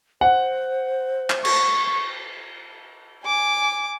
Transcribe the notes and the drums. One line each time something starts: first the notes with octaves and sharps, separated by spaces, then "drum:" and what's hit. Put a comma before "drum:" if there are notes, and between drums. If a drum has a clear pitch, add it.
C5 F#5
drum: clap
C#6, drum: cymbal
G#5 D6